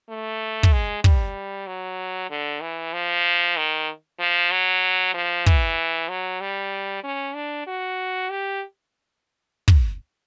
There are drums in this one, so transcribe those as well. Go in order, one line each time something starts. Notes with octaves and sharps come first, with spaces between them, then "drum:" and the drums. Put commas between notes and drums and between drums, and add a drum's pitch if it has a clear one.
A3
drum: kick
G#3
G3, drum: kick
F#3
D3
E3
F3
D#3
F3
F#3
F3
E3, drum: kick
F#3
G3
C#4
D4
F#4
G4
drum: kick